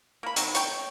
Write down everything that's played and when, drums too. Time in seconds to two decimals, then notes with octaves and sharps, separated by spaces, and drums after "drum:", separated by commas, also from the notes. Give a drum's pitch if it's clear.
0.23 A#3 B5
0.36 C3 D#3 F#3, drum: hi-hat
0.55 C#5 G5, drum: hi-hat